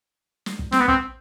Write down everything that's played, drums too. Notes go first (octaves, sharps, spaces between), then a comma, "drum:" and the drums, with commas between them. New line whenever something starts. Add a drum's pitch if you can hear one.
drum: snare
drum: kick
C4, drum: snare
B3
C4, drum: kick